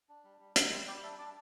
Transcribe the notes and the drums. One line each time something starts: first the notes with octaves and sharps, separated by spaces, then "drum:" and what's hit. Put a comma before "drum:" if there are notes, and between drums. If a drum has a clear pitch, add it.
D4
G3
G3
G3 E5 A5, drum: hi-hat
G3 C5 E5
G3 D5 G5
D4 E5 A5
D4 A5 D6